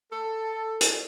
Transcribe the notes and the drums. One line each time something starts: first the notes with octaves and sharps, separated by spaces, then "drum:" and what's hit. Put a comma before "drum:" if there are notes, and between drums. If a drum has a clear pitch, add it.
A4
drum: hi-hat